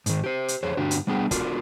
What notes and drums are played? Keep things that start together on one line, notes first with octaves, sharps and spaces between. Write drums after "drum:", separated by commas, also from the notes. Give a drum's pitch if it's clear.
G#2 D#3, drum: hi-hat
G4 C5
drum: hi-hat
F2 G#4 C5 C#5
G2 D3 D4 F#4 G4
drum: hi-hat
G3 B3 D4 G#4 G5
D4 F4 F#4 A#4, drum: kick, hi-hat